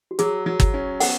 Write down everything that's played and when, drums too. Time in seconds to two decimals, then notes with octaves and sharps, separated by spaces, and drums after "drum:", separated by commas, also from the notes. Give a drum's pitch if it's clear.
0.11 F#4
0.19 F#3 G#4, drum: hi-hat
0.46 F#3
0.60 drum: kick, hi-hat
0.74 C#4
1.00 B3 F#5, drum: open hi-hat